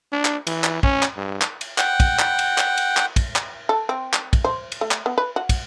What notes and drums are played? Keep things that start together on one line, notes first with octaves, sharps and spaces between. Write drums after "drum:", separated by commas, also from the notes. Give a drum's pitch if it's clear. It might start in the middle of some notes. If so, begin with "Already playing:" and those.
D4
drum: clap
E3, drum: cymbal
drum: clap
C#4, drum: kick
drum: clap
G2
drum: clap
drum: cymbal
F#5 G5, drum: clap
drum: kick, cymbal
drum: clap
drum: cymbal
drum: clap
drum: cymbal
drum: clap
drum: kick, cymbal
drum: clap
A4
C4
drum: clap
drum: kick, cymbal
C5
drum: cymbal
A3
drum: clap
B3
B4
F#4
drum: kick, cymbal